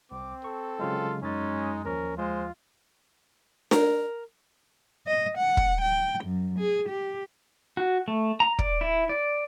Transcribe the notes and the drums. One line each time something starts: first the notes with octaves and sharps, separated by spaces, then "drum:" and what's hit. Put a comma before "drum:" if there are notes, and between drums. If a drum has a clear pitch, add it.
C2 C4 D6
A4 C#6
C#3 F#3 G#3 F4
F#2 G#3 C#4 D#4 A6
D#2 F3 C#4 A#4
G#3 F4 C5
A#4, drum: snare D4
D#5
F#5
drum: kick
G5
F#2
G#4
G4
F#4
A3
A#5
D5, drum: kick
E4
D5